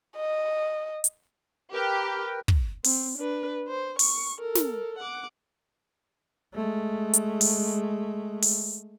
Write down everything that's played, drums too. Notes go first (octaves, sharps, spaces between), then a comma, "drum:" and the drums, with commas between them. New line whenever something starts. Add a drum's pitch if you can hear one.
D#5
drum: hi-hat
G4 A#4 B4 G5
drum: kick
C4, drum: open hi-hat
D4 B4
C5
C#6, drum: open hi-hat
A4 A#4
drum: snare
F#5 D6
G#3 A3
drum: hi-hat
drum: open hi-hat
drum: open hi-hat